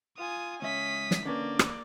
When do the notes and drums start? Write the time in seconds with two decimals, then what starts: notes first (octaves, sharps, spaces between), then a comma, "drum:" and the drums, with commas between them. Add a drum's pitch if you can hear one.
0.18 F4 G#5 D#6
0.62 C#2 C#4 E5 D#6 B6
1.11 drum: snare
1.25 D3 A#3 C#4 B4 D5
1.59 drum: rim click